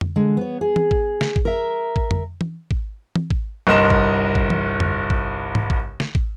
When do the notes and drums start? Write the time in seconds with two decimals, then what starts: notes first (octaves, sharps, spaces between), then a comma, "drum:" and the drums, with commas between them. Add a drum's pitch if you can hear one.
0.01 drum: tom F2
0.16 D3 G#3
0.37 B3 C#5
0.61 G#4
0.76 drum: tom E3
0.91 drum: kick
1.21 drum: snare
1.36 drum: kick
1.45 A#4 E5
1.96 drum: kick
2.11 drum: tom F2
2.41 drum: tom E3
2.71 drum: kick
3.16 drum: tom E3
3.30 drum: kick
3.67 G1 C2 A#4 D#5 C6 E7
3.90 drum: kick
4.35 drum: kick
4.50 drum: tom E3
4.80 drum: tom F2
5.10 drum: kick
5.55 drum: tom G#2
5.70 drum: kick
6.00 drum: snare
6.15 drum: kick